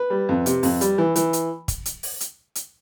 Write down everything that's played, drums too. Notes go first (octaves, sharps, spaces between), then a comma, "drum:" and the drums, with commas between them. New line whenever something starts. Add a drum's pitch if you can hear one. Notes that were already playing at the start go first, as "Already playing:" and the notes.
Already playing: B4
G3
F2
C3, drum: hi-hat
F2, drum: open hi-hat
G3, drum: hi-hat
E3
E3, drum: hi-hat
drum: hi-hat
drum: kick, hi-hat
drum: hi-hat
drum: open hi-hat
drum: hi-hat
drum: hi-hat